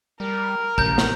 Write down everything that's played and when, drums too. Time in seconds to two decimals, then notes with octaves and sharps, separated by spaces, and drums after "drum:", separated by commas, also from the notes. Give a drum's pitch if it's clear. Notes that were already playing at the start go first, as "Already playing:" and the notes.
0.20 G3 A#4
0.78 A1 C#3 E3 A#5 G6, drum: kick G#1
0.98 drum: snare